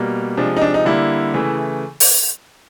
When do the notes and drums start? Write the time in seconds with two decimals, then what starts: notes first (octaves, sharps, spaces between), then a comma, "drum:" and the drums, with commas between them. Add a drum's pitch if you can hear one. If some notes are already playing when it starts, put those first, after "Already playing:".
Already playing: B2 G3 A#3
0.37 C3 F3 G#3 D4
0.57 D#4
0.61 D4
0.74 D#4
0.85 D3 G3 A#3 E4
1.34 C#3 E3 A3
2.00 drum: open hi-hat